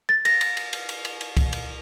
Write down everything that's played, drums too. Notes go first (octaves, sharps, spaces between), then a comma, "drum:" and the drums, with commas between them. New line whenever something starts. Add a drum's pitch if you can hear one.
A6
A#6, drum: cymbal
drum: cymbal
drum: cymbal
drum: cymbal
drum: cymbal
drum: cymbal
drum: cymbal
drum: kick, cymbal
drum: cymbal